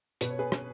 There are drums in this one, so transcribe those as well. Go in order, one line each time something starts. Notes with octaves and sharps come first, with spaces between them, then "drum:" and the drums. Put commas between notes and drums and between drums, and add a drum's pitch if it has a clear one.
B2 B4, drum: hi-hat
C#5
G#4 B4
drum: rim click